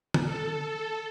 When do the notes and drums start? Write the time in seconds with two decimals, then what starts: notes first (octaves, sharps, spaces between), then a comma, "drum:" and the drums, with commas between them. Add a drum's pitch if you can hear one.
0.14 drum: tom
0.24 A4